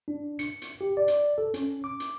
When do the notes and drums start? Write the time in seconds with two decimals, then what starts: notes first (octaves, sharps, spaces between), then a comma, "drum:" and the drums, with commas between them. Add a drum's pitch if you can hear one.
0.08 D4
0.39 C#7, drum: hi-hat
0.62 drum: hi-hat
0.81 G4
0.97 D5
1.08 drum: hi-hat
1.38 A4
1.54 C#4, drum: hi-hat
1.84 D6
2.00 drum: hi-hat